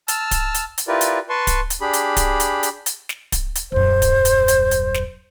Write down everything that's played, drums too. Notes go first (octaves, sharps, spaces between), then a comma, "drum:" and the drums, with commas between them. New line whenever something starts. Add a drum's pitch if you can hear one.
A5 E6 F6, drum: hi-hat
drum: kick D1, hi-hat
drum: hi-hat
drum: hi-hat
E4 F4 G4 A#4 B4 D5
drum: hi-hat
B4 A5 C6 C#6
drum: kick D1, hi-hat
drum: hi-hat
D4 G4 G#4 B5
drum: hi-hat
drum: kick D1, hi-hat
drum: hi-hat
drum: hi-hat
drum: hi-hat
drum: snare
drum: kick D1, hi-hat
drum: hi-hat
D#1 F#2 C5
drum: kick D1, hi-hat
drum: hi-hat
drum: hi-hat
drum: hi-hat
drum: snare